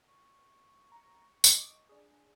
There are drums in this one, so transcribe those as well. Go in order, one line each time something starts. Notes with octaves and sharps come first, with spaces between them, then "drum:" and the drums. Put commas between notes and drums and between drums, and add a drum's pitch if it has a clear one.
C#6
A#5
D#5 D6, drum: tambourine
D4 G#4